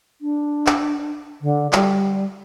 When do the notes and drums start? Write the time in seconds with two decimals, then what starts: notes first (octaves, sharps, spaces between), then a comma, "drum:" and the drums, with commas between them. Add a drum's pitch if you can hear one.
0.21 D4
0.67 drum: clap
1.41 D3
1.73 G3, drum: clap